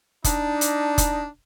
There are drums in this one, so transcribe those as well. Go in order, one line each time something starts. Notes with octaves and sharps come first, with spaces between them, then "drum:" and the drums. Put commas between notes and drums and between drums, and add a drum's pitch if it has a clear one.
D4 D#4, drum: kick F1, hi-hat
drum: hi-hat
drum: kick F1, hi-hat